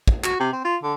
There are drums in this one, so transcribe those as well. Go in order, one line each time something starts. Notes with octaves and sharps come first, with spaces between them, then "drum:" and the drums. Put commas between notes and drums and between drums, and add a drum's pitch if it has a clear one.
drum: kick
F#4, drum: clap
C3
C4
F4
D3